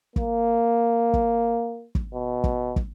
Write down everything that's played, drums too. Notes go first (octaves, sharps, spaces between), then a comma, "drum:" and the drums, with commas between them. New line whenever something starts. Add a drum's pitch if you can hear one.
A#3, drum: kick
drum: kick
drum: kick
B2
drum: kick
drum: kick